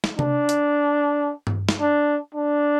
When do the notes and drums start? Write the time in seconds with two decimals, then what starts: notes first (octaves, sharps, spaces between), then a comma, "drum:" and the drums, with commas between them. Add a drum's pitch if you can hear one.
0.04 drum: snare
0.19 D4, drum: tom C3
0.49 drum: hi-hat
1.47 drum: tom G2
1.69 drum: snare
1.81 D4
2.35 D4